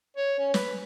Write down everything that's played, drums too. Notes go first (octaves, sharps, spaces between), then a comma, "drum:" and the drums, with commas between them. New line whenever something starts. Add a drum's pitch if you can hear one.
C#5
C#4
B4, drum: snare